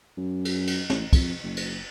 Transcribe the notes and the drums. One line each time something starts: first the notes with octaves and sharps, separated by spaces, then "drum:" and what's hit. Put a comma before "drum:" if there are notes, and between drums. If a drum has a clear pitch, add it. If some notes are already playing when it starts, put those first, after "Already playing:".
F#2
drum: cymbal
drum: cymbal
A1, drum: snare
F2, drum: kick, cymbal
F#1
drum: cymbal